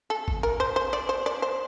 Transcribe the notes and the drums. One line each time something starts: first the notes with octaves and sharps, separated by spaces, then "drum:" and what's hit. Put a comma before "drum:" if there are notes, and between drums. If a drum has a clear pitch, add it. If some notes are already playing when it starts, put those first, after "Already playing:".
A4
drum: kick G#1
A#4
C5
C5
D5
C5
D5
C5